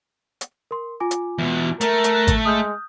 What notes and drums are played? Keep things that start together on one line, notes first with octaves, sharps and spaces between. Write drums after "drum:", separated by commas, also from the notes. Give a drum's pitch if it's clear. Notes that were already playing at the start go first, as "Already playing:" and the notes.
drum: hi-hat
A#4 C6
F4 G#5 D6
drum: hi-hat
E2 B2
A3 A#4, drum: hi-hat
drum: hi-hat
F#6 A#6
drum: kick G#1, hi-hat
G#3 D#6 F6 G6